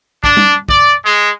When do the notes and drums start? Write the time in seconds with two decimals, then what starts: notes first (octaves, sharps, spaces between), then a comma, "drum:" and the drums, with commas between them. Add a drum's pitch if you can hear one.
0.24 D4, drum: kick
0.37 drum: tom G3
0.69 D5, drum: kick
1.05 G#3